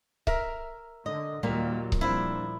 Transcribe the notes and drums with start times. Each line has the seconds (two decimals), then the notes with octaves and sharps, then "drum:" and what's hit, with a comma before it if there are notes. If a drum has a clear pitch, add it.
0.27 A#4 E5, drum: kick C#1
1.06 D3 D#5
1.43 D#2 A#2 F#3 G3 A#3
1.92 drum: kick C#1
2.01 F3 G3 A#3 C4 D4 E4